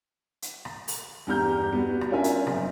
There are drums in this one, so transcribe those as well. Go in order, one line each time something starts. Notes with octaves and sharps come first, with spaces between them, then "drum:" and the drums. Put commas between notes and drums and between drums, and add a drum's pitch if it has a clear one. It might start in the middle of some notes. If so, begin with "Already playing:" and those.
drum: hi-hat
drum: rim click
drum: open hi-hat
E2 G2 G4 A#5 F6 G6
G3 B3 F#4
drum: rim click
C#4 D4 F4 A#4 E5 G#5
drum: hi-hat
F#1, drum: rim click